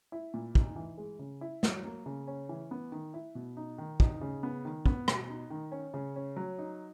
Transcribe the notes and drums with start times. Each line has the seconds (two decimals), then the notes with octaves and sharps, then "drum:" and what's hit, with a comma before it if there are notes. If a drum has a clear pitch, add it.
0.12 E4
0.34 A#2
0.55 D#4, drum: kick
0.76 E3
0.98 G#3
1.19 C#3
1.41 E4
1.63 F#3, drum: snare
1.85 A#3
2.06 C#3
2.27 C#4
2.49 E3
2.71 B3
2.92 D#3
3.14 E4
3.35 B2
3.57 D#4
3.78 D#3
4.00 D#4, drum: kick
4.21 C#3
4.43 B3
4.65 D#3
4.86 B3, drum: kick
5.08 B2, drum: rim click
5.30 D#4
5.50 D#3
5.72 C#4
5.94 C#3
6.16 C#4
6.36 F#3
6.59 D#4